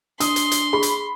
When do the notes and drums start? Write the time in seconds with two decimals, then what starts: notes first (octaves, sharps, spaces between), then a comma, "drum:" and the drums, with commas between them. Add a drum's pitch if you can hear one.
0.20 D4 C6 D#6, drum: hi-hat
0.36 drum: hi-hat
0.51 drum: hi-hat
0.73 G#4 B5
0.83 drum: hi-hat